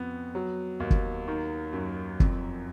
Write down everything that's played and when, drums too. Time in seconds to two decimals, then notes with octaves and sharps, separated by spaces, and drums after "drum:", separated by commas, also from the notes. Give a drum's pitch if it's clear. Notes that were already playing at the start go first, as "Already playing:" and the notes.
Already playing: F2 B3
0.35 F#3
0.80 D#2
0.90 drum: kick
1.28 D#3
1.73 F#2
2.20 F2, drum: kick